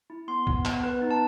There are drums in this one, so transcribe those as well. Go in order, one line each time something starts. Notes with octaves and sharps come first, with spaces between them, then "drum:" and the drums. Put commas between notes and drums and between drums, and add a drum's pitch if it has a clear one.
E4
B3 C6
B3, drum: kick A#1
B3, drum: clap
B3 B4
D#4
A5